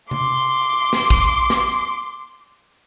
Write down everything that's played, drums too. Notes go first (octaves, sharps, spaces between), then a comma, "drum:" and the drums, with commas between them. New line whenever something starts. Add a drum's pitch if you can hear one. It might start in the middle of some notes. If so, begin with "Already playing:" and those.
C6 D6, drum: tom C3
drum: snare
drum: kick
drum: snare